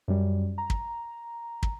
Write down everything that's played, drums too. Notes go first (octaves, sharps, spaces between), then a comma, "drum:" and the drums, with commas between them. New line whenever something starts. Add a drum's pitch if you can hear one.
F#2 G3
A#5
drum: kick
drum: kick